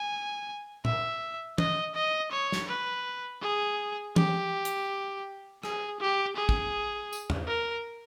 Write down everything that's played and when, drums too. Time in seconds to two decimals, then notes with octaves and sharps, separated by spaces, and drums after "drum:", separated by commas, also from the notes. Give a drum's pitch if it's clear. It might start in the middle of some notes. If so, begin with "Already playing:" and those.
Already playing: G#5
0.85 E5, drum: tom A#2
1.58 D#5, drum: tom
1.95 D#5
2.32 C#5
2.52 drum: snare
2.69 B4
3.43 G#4
4.16 G4, drum: tom
4.65 drum: hi-hat
5.63 G#4, drum: rim click
6.01 G4
6.37 G#4
6.49 drum: kick
7.13 drum: tambourine
7.30 drum: tom E2
7.48 A#4